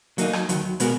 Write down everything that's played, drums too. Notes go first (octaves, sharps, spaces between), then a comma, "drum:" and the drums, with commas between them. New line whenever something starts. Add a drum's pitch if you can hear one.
F#3 A#3 D#4, drum: hi-hat
drum: rim click
D#2 D#3 F#3, drum: hi-hat
B2 G#3 B3 F#4 A#4, drum: hi-hat